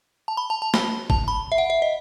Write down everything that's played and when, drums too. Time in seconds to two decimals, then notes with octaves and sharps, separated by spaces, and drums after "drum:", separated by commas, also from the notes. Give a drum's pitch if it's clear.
0.28 A5
0.37 B5
0.50 A5
0.62 A5
0.74 B5, drum: snare
1.10 A5, drum: kick
1.28 B5
1.52 E5
1.58 F#5
1.70 E5
1.82 D#5